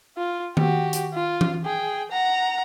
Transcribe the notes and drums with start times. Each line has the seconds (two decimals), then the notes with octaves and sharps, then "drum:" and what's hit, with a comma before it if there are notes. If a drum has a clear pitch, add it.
0.18 F4
0.57 F#4 G4, drum: tom D#3
0.93 drum: hi-hat
1.14 F4
1.41 drum: tom E3
1.65 G#4 G5
2.12 F#5 A#5